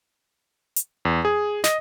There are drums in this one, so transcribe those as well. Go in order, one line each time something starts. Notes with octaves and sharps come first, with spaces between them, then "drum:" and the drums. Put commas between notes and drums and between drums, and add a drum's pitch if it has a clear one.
drum: hi-hat
E2
G#4
D#5, drum: snare